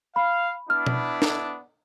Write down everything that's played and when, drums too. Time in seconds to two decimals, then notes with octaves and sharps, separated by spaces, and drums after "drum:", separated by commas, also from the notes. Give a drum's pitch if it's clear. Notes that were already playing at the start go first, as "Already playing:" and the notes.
0.16 F5 B5
0.70 B3 D4 E4 F6
0.86 drum: tom B2
1.22 drum: snare